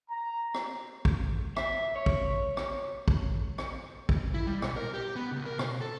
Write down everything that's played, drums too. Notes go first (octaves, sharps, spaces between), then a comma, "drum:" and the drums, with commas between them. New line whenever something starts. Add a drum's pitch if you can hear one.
A#5
drum: rim click
drum: kick
E5, drum: rim click
C#5
drum: kick
drum: rim click
drum: kick
drum: rim click
drum: kick
E4
G3
B2, drum: rim click
A#4
G4
B3
C#2
A#4
B2, drum: rim click
A4